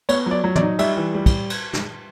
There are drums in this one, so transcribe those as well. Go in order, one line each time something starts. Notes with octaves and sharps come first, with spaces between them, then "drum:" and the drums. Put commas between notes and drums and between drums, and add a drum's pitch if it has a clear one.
B3 C#5, drum: cymbal
F#3 D5
F#3
D5, drum: tom
D#4
G3 E5, drum: cymbal
E3
G3
drum: kick, cymbal
drum: cymbal
drum: snare